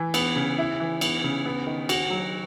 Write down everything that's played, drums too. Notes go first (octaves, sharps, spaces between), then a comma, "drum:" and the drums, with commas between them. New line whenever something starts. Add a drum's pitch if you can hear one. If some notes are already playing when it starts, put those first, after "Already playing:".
Already playing: E3
B3, drum: cymbal
C#3
E4
E3
B3, drum: cymbal
C#3
B3
D#3
F#4, drum: cymbal
F#3